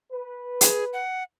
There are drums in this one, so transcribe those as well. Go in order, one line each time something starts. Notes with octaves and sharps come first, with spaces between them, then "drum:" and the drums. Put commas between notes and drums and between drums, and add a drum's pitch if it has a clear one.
B4
G#4, drum: hi-hat
F#5